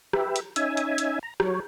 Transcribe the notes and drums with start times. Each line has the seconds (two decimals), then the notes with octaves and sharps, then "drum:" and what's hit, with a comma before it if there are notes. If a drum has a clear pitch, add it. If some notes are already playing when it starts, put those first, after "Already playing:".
0.13 G4 B4 E5, drum: rim click
0.36 drum: hi-hat
0.56 C#4 D#4 E5 G#5, drum: hi-hat
0.77 drum: hi-hat
0.98 drum: hi-hat
1.23 A#5
1.40 F#3 C#5, drum: rim click